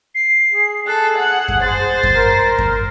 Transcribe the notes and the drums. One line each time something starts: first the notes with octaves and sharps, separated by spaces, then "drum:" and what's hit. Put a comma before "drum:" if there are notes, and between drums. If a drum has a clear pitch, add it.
C7
G#4
A4 F#6
F#5
drum: kick F#2
C5 A6
drum: kick F#2
A#4
drum: kick F#2